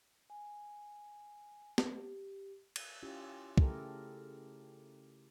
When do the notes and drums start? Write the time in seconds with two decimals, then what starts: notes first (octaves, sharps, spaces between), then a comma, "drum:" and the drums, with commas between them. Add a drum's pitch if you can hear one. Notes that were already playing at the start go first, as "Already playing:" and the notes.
0.30 G#5
1.78 drum: snare
1.93 G4
2.76 drum: cymbal
3.03 C#4 E4 F4 G4
3.58 C#3 A3 E4 G4 A4 A#4, drum: kick